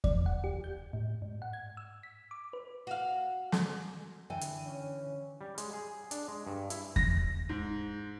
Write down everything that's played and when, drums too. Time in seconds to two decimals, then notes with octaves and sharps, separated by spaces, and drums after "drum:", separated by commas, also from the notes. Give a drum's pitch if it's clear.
0.04 D5, drum: kick E2
0.26 F#5
0.44 G4
0.64 G6
0.93 A2
1.22 G#2
1.42 F#5
1.53 G#6
1.77 E6
2.03 B6
2.31 D6
2.53 B4
2.87 F#4 F5
3.52 drum: snare
4.30 D3 E3 G5 G#5
4.41 drum: hi-hat
4.66 C#4
5.41 G3
5.58 G#3, drum: hi-hat
5.73 G#4
6.11 D4, drum: hi-hat
6.28 G#3
6.47 G2
6.70 E4, drum: hi-hat
6.96 A#6, drum: kick E2
7.49 G#2